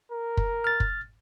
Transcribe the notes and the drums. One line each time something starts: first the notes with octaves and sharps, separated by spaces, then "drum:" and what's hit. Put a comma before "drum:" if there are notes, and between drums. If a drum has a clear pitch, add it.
A#4
drum: kick
F6 A6
drum: kick